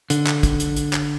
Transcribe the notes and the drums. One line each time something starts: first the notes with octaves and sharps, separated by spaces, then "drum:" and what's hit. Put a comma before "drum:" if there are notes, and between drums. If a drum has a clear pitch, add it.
D3, drum: hi-hat
drum: clap
drum: kick, hi-hat
drum: hi-hat
drum: hi-hat
drum: clap